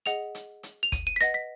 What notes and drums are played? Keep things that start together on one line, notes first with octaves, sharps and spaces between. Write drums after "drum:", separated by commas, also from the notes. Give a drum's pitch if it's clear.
G#4 D#5 F#5 F7, drum: hi-hat
drum: hi-hat
drum: hi-hat
F7
D#7, drum: kick, hi-hat
D#7
B6
B4 D#5 F#5 A#6, drum: hi-hat
B6